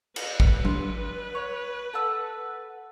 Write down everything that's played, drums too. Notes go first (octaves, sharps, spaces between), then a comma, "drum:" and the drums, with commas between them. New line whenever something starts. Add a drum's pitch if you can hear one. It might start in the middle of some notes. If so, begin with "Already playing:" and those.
B4, drum: cymbal
drum: kick G#1
C6, drum: tom F#3
C#5
A4 F#5 E6